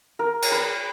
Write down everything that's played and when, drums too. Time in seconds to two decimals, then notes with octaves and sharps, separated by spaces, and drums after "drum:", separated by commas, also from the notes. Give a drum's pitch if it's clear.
0.19 A#4
0.42 drum: cymbal
0.52 B4